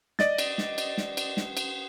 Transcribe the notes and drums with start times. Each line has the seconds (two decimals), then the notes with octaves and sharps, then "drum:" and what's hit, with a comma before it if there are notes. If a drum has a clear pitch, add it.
0.19 D5 D#5 A6, drum: snare
0.38 drum: cymbal
0.58 drum: snare
0.78 drum: cymbal
0.98 drum: snare
1.17 drum: cymbal
1.37 drum: snare
1.57 drum: cymbal